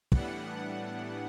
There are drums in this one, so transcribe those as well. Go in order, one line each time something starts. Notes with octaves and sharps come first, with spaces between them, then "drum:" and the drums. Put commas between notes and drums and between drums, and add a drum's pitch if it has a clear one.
A2 E3 G3 B3 D4 F#5, drum: kick
F#5